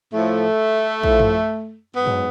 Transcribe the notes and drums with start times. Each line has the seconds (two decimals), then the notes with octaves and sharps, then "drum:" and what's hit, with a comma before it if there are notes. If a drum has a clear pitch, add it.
0.13 A2 F3 A3
1.03 A2 F3, drum: kick
1.19 drum: tom F#2
1.95 G#2 F#3 B3
2.06 drum: tom F#2